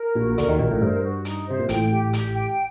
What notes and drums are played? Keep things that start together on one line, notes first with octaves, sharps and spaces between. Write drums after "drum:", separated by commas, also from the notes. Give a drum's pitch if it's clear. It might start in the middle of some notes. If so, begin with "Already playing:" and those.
Already playing: A#4
A#1 A#2 F#4
D2 D3 A#4, drum: hi-hat
D#2 D#3
A#1 A#2 A#4
A1 A2
G2 C5
F#4
D#4, drum: hi-hat
C3 C5
A#2
A1 A2 G5, drum: hi-hat
G4
G4, drum: hi-hat
G5